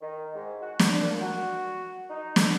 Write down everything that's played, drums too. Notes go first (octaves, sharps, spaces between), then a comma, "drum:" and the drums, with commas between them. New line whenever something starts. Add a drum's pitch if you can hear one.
D#3
G#2
F#4
drum: snare
D4
A#2
F#4
D#4
A4, drum: snare